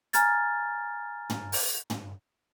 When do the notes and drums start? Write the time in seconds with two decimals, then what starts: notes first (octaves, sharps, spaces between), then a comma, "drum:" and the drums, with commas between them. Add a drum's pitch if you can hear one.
0.13 G#5 A#5 F6 G#6 A6, drum: hi-hat
1.30 drum: tom
1.52 drum: open hi-hat
1.90 drum: tom